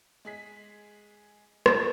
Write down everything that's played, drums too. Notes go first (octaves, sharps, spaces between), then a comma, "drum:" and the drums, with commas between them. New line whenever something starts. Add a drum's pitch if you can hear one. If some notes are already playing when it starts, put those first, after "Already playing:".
G#3 G#4 B6
drum: rim click